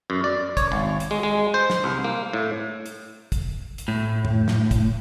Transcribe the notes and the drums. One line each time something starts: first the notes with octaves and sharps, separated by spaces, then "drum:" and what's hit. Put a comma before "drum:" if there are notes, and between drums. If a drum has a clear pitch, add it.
F#2
D5
C#5, drum: kick, hi-hat
G#1
drum: hi-hat
G#3
G#3
C5
drum: snare
C2
A#3
A2
drum: hi-hat
drum: kick, hi-hat
drum: hi-hat
A2
drum: tom F2
drum: snare
drum: kick, hi-hat